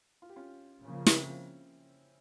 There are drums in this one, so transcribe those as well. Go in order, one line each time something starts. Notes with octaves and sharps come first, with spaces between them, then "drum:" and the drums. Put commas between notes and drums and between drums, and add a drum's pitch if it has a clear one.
F4
G4
C#4 F4
C#3 F3 A#3
C#4, drum: snare
C4 E4